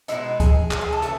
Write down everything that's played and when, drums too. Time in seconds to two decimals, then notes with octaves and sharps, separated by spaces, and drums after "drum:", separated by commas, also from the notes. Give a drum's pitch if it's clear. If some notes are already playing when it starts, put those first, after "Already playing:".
0.08 B2 G#3 D#4 E4, drum: hi-hat
0.40 G#4, drum: kick C#2, hi-hat
0.71 A4, drum: clap
0.81 G#4
0.93 A4
1.02 C#3 E3 A3, drum: hi-hat